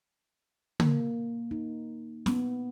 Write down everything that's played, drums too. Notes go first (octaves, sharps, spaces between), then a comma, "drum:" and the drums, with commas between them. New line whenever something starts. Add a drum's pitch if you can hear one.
A#3, drum: tom
D#4
B3, drum: snare